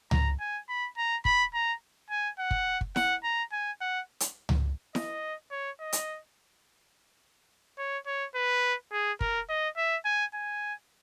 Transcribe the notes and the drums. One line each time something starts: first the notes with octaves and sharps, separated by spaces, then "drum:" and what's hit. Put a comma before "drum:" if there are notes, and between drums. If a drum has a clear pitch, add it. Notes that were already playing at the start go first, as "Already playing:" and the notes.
A#5, drum: tom C#2
G#5
B5
A#5
B5, drum: kick
A#5
G#5
F#5
drum: kick
drum: kick
F#5, drum: snare E4
A#5
G#5
F#5
drum: hi-hat
drum: tom C#2
D#5, drum: snare E4
C#5
D#5
drum: hi-hat
C#5
C#5
B4
G#4
A#4, drum: kick
D#5
E5
G#5
G#5